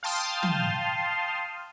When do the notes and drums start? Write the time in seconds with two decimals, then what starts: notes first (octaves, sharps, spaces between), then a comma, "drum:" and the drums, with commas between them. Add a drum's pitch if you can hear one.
0.03 F5 G5 A5 C6 D#6 F6
0.43 drum: tom